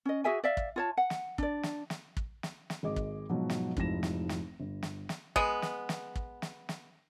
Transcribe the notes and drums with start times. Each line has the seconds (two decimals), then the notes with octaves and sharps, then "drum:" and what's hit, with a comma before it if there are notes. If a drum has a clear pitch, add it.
0.05 C#4 D#5
0.24 F#4 G#4 E5 G#5
0.44 D5 E5 F5
0.57 drum: kick
0.76 F4 C#5 A5
0.97 F#5
1.10 drum: snare
1.38 D4 D5, drum: kick
1.63 drum: snare
1.90 drum: snare
2.17 drum: kick
2.43 drum: snare
2.70 drum: snare
2.83 G#1 G#4 D#5 D6
2.96 drum: kick
3.30 G#2 B2 F3 F#3
3.50 drum: snare
3.77 F1 G#2 F3 E4 A#6 E7, drum: kick
4.03 drum: snare
4.29 drum: snare
4.60 G1
4.83 drum: snare
5.09 drum: snare
5.36 G#3 B3, drum: kick
5.62 drum: snare
5.89 drum: snare
6.15 drum: kick
6.42 drum: snare
6.69 drum: snare